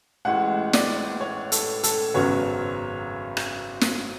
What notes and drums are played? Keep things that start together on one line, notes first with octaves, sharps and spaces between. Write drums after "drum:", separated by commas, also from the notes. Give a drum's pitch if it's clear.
A1 A2 G#3 F#5
D5, drum: snare
C#5
A4, drum: hi-hat
A4, drum: hi-hat
G#1 F#2 C#3 F#3 B3 C#5
drum: rim click
drum: snare